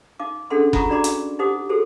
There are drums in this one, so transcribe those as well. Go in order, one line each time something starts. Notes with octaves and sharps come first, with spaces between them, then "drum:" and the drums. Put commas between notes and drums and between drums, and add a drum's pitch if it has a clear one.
D#4 F5 D6
C#4 D4 G#4 A4 F#5 C6
F4 F#5 A#5 C#6, drum: kick F#1
D4 F#4 D5 A#5 C6 D6
drum: hi-hat
D#4 G4 C5 F#5 D6 D#6
F#4 G#4 A4 C5